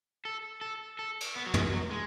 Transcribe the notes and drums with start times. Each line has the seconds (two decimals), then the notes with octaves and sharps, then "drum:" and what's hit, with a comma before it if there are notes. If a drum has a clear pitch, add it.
0.25 A4
0.61 A4
0.99 A4
1.21 drum: cymbal
1.36 B3
1.46 F#3
1.54 G#3, drum: tom
1.72 F#3
1.91 G#3